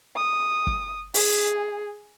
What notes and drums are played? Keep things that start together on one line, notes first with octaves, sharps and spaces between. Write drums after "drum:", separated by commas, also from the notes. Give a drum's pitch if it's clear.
D#6
drum: kick
G#4, drum: open hi-hat